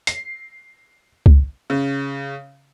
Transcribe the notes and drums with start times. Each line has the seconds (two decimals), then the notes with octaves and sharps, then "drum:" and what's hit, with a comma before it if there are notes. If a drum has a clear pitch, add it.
0.07 C7, drum: hi-hat
1.26 drum: kick C#2
1.70 C#3